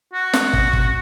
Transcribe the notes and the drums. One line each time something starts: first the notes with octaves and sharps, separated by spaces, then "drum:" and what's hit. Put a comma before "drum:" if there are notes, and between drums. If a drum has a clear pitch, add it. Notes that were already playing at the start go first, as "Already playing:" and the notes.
F#4
drum: snare
drum: kick
drum: kick